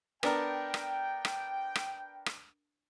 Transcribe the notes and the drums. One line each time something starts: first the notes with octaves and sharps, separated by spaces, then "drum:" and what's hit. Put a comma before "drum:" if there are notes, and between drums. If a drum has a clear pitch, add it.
B3 D4 A#4 G5, drum: rim click
drum: rim click
drum: rim click
drum: rim click
drum: rim click